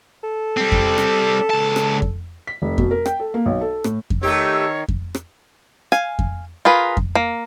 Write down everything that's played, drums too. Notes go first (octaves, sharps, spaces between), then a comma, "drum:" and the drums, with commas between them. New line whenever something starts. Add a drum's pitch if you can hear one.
A4
G3 C4
drum: kick F2
drum: rim click
C#2 A5
drum: rim click
drum: kick F2
B6
F1
B2, drum: kick F2
A#4
G5, drum: rim click
A4
A#3
B1
A4
A2, drum: rim click
drum: kick F2
D#3 A3 G4 C#5 E6
drum: kick F2
drum: rim click
F5 G#5, drum: rim click
drum: kick F2
F4 G#4 A#4 B4
drum: kick F2
A#3